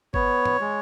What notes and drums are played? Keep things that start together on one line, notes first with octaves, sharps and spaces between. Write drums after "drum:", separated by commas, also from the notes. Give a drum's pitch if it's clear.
B3 C#5, drum: kick
drum: tom
G#3